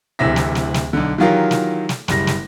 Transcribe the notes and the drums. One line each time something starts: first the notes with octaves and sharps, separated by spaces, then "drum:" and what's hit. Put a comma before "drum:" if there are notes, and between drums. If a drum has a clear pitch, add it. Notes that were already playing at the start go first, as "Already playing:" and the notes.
D1 D2 C3 E3 E5 A#6
drum: snare
drum: snare
drum: snare
B1 D3
D#3 E3 F#3 F4 G4 A#4
drum: snare
drum: snare
F#1 G3 A#6, drum: snare
drum: snare